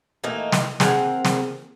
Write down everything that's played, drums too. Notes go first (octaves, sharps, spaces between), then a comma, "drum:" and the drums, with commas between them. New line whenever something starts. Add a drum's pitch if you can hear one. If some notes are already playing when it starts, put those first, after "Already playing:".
E3 A3 A#3 D#4
drum: snare
C4 G#4 A#4 F#5, drum: snare
drum: snare